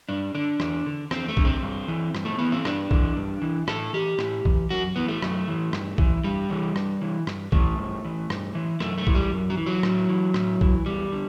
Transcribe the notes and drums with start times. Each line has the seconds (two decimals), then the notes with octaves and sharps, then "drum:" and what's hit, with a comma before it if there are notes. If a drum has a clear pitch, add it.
0.09 G2 D4
0.35 D3 D4
0.60 E2, drum: rim click
0.86 D3
1.11 E2 C4, drum: rim click
1.28 A3
1.37 D3, drum: kick A#1
1.45 C4
1.63 G2
1.88 E3
2.15 G2, drum: rim click
2.25 A3
2.39 E3 B3
2.52 C4
2.65 G2 D4, drum: rim click
2.91 E3, drum: kick A#1
3.17 G2
3.42 E3
3.68 A2 A4, drum: rim click
3.93 E3 G4
4.19 A2, drum: rim click
4.45 E3, drum: kick A#1
4.70 F#2 F#4
4.96 E3 B3
5.08 A3
5.22 F#2, drum: rim click
5.48 E3
5.73 G2, drum: rim click
5.98 E3, drum: kick A#1
6.24 G2 G3
6.50 E3
6.76 G2, drum: rim click
7.01 E3
7.27 G2, drum: rim click
7.52 E3 A3, drum: kick A#1
7.78 G2
8.05 E3
8.30 G2, drum: rim click
8.55 E3
8.80 F#2 A3, drum: rim click
8.98 A3
9.07 E3, drum: kick A#1
9.15 G3
9.32 F#2
9.50 F#3
9.57 E3
9.66 F#3
9.83 A2, drum: rim click
10.09 E3
10.34 A2, drum: rim click
10.61 E3, drum: kick A#1
10.86 E2 G3
11.12 D3